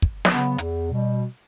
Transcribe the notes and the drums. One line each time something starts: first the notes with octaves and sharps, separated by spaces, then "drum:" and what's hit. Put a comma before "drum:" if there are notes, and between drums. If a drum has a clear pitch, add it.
drum: kick
C#3 F#3 B3, drum: snare
E2, drum: hi-hat
B2 G3